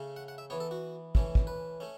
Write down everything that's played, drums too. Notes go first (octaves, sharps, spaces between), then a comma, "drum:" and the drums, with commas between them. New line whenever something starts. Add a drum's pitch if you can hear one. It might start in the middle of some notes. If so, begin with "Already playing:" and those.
Already playing: C#3 A3 C#4
F#5
F#5
E5
E3 B3 C#5
A4
F#4
E3 A3 C#4, drum: kick
drum: kick
B4
A3 C#4